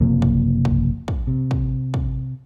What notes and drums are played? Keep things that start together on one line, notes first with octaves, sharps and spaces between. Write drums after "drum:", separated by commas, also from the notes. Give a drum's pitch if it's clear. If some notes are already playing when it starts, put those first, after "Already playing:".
F#1 C3 F3 A#3
drum: kick
drum: kick
drum: kick
C3
drum: kick
drum: kick